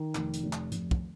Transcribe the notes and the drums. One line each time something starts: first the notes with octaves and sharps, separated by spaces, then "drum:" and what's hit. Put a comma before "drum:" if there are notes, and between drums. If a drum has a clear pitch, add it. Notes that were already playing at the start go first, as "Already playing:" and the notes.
Already playing: D#3
F1, drum: clap
drum: hi-hat
F1
drum: clap
F1, drum: hi-hat
drum: kick